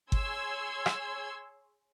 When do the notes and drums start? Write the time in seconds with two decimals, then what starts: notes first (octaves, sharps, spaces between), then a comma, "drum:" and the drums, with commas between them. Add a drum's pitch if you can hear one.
0.12 G#4 C#5 C6 E6 G#6, drum: kick G1
0.86 drum: rim click